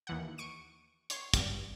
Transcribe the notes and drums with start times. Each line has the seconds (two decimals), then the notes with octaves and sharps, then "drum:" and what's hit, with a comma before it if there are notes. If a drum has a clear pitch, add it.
0.07 D#2 E3 F#5
0.38 C#6 D7 D#7
1.10 C#5 C6, drum: hi-hat
1.34 G2 G3, drum: kick, hi-hat